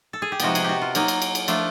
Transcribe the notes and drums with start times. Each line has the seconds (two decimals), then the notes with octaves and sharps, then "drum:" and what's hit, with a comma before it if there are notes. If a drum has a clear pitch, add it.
0.13 A4
0.22 G#4
0.32 G4
0.40 C3 F3 G#3 B3 D#4 F#4, drum: cymbal
0.55 G#4, drum: cymbal
0.64 F#4 G4
0.82 F4
0.95 F#3 A#3 D#4, drum: cymbal
1.08 drum: cymbal
1.22 drum: cymbal
1.35 drum: cymbal
1.48 F3 A3 D4 F4, drum: cymbal